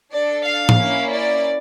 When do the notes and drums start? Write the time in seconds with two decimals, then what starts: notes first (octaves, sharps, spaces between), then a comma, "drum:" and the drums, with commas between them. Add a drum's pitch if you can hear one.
0.12 D4 A4 D5
0.45 F5
0.69 drum: tom
0.78 A#3 C#4 E4
1.11 D5